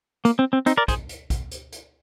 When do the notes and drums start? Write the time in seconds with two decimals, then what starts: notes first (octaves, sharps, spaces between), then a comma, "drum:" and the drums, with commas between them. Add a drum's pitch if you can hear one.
0.25 A#3, drum: hi-hat
0.39 C4
0.53 C4
0.66 C4 D#4, drum: hi-hat
0.77 A#4 D5
0.88 G#4 C5, drum: kick, hi-hat
1.09 drum: hi-hat
1.30 drum: kick, hi-hat
1.51 drum: hi-hat
1.72 drum: hi-hat